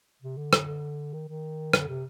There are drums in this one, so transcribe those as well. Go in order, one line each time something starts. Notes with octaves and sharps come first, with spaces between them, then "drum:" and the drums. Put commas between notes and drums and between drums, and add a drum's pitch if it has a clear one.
C3
D3
drum: rim click
D#3
D#3
D3, drum: rim click
C3